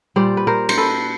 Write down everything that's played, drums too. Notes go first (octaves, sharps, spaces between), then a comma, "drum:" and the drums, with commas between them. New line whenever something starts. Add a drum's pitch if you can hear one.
A#2 G3 C5 D5
B4
A#4 C5
C5, drum: cymbal
A4 B4